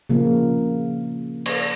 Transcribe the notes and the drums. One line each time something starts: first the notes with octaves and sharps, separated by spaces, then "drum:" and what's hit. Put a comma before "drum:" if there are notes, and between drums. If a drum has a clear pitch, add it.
C#3 F3 A#3
drum: cymbal